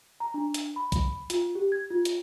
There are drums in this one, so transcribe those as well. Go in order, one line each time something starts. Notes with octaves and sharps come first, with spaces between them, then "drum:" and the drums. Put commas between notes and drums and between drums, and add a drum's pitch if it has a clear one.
A#5
D4
drum: hi-hat
B5
drum: kick, hi-hat
F4, drum: hi-hat
G4
G#6
F4
drum: hi-hat